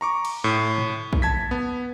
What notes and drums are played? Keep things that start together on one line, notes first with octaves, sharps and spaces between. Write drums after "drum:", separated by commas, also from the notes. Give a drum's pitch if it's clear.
A#5 C#6 D6
drum: cymbal
A2
drum: tom
drum: kick A#1
A5 G#6 B6
B3